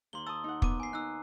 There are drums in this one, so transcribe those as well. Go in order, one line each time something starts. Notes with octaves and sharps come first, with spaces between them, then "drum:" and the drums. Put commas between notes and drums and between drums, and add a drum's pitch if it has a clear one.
D#2 C6 G7
A5 D#6 E6
D#4 F#5
B3 D6 D#7, drum: kick
G#5 C7
D#4 E6 F#6